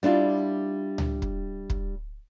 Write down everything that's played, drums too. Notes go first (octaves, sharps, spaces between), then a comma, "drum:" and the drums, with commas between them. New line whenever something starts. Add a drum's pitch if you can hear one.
G3 D4 E4 F4
drum: tom C#2
drum: kick
drum: kick